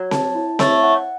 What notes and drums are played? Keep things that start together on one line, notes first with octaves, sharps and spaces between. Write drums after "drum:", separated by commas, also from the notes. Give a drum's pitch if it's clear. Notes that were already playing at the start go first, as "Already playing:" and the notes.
Already playing: F#3 C#5
A5, drum: snare C4
E4
A3 C#5, drum: snare C4
F#5